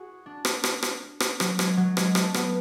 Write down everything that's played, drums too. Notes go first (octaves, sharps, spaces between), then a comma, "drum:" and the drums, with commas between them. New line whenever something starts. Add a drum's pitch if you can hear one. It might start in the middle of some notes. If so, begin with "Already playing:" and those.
Already playing: F#4 G#4
D4
drum: rim click
drum: rim click
drum: rim click
drum: rim click
F#3, drum: rim click
G#3, drum: rim click
F#3
G#3, drum: rim click
A3, drum: rim click
B3, drum: rim click